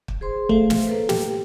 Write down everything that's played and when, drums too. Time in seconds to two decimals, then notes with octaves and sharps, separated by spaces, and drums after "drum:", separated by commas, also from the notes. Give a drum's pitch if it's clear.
0.08 drum: kick
0.21 G#4 C5 C6
0.49 A3 C5 F5, drum: kick
0.70 drum: snare
0.87 A#3 A4 B4
1.09 G4, drum: snare